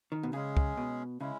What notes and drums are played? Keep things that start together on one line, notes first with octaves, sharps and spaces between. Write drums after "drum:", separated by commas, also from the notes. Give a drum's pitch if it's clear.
D#3
B2
C#3 G#3 C#4 G#4
drum: kick
B2
C#3 G#3 C#4 E4